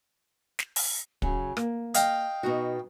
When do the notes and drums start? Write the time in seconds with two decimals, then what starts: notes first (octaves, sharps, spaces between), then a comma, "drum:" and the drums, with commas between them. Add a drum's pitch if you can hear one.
0.59 drum: snare
0.76 drum: open hi-hat
1.22 C#3 F#3, drum: kick
1.57 A#3, drum: rim click
1.94 D#5 F5 G5, drum: hi-hat
2.43 B2 D#4 F#4